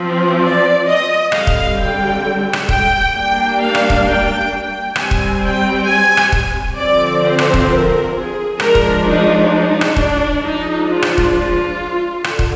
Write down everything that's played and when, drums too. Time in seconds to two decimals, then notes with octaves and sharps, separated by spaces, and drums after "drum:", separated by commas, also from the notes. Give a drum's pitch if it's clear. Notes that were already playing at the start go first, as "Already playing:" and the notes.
Already playing: F3 C4
0.41 D5
0.86 D#5
1.32 D3 G3 C4 F5, drum: rim click
1.47 drum: kick
1.77 G5
2.53 drum: rim click
2.69 G5, drum: kick
3.14 G3 A#3 D4 G5
3.59 F5
3.75 drum: rim click
3.90 drum: kick
4.05 G5
4.50 G5
4.96 G3 C4 G#5, drum: rim click
5.11 drum: kick
5.42 G5
5.86 G#5
6.17 drum: rim click
6.32 drum: kick
6.78 D3 F3 C4 D5
7.23 C5
7.39 drum: rim click
7.54 drum: kick
7.69 A#4
8.14 G#4
8.60 F3 G#3 D4 A#4, drum: rim click
8.75 drum: kick
9.06 D#4
9.51 D#4
9.81 drum: rim click
9.96 D4, drum: kick
10.42 F3 G#3 D4 D#4
10.87 F4
11.02 drum: rim click
11.18 drum: kick
11.33 F4
12.24 D3, drum: rim click
12.39 drum: kick